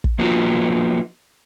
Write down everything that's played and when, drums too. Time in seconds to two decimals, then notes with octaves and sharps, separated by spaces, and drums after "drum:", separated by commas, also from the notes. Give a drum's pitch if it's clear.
0.04 drum: kick
0.19 F3 A#3 B3 D#4 F4 F#4